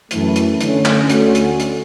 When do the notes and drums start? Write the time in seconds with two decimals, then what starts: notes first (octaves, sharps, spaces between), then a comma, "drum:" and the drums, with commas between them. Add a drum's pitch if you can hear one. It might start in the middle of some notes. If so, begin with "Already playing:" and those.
0.11 F#2 E3 A3, drum: hi-hat
0.36 drum: hi-hat
0.61 D3 A3 C#4, drum: hi-hat
0.85 drum: clap
1.10 D2 D3 A3 C#4 F#4, drum: hi-hat
1.35 drum: hi-hat
1.60 drum: hi-hat